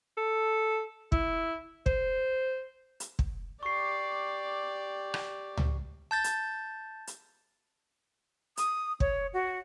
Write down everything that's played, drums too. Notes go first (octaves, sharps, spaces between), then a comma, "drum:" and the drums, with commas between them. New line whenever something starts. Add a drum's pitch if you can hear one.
A4
E4, drum: kick
C5, drum: kick
drum: hi-hat
drum: kick
G4 D5 C#6 C7
drum: rim click
drum: tom C#2
A5 G6 A6
drum: hi-hat
drum: hi-hat
D#6, drum: hi-hat
C#5, drum: kick
F#4